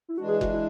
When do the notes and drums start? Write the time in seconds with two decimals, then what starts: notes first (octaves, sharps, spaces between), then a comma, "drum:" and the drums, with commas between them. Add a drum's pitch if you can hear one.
0.09 E4
0.18 E3 G#3 D4 F#4
0.29 G#4
0.41 F#4, drum: kick F#1
0.53 E4